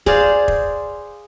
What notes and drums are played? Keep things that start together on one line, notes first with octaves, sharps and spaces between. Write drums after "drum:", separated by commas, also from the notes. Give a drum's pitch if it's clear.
G#4 C5 D5 F5, drum: kick
drum: kick